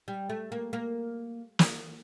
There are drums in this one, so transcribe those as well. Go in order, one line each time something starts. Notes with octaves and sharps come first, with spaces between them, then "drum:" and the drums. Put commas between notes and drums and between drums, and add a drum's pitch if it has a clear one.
G3
A3
A#3
A#3
drum: snare